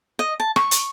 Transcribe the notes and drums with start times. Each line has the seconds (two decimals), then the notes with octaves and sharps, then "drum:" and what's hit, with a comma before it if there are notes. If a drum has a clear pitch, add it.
0.19 D#5
0.40 A5
0.56 C#6, drum: rim click
0.71 drum: hi-hat